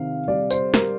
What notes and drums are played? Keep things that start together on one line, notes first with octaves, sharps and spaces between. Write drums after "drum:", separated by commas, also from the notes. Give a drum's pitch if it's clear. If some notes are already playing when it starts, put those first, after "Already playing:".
Already playing: C3 D#3 F5
G3 D5
C5, drum: tambourine
G3 A#4, drum: snare